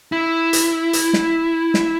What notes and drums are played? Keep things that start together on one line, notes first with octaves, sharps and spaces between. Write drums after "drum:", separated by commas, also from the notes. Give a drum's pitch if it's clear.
E4
drum: hi-hat
drum: hi-hat
drum: snare
drum: snare